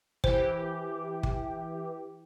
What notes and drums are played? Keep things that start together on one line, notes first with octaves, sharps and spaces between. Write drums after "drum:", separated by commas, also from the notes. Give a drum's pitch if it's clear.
E3 G4 C5, drum: kick
drum: kick